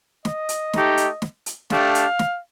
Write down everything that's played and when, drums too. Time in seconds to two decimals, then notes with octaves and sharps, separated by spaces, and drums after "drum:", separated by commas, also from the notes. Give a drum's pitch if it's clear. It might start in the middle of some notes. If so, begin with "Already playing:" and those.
0.25 D#5, drum: snare
0.49 drum: hi-hat
0.73 A3 D#4 G4, drum: snare
0.97 drum: hi-hat
1.22 drum: snare
1.46 drum: hi-hat
1.70 A3 D4 G4 F5, drum: snare
1.95 drum: hi-hat
2.19 drum: snare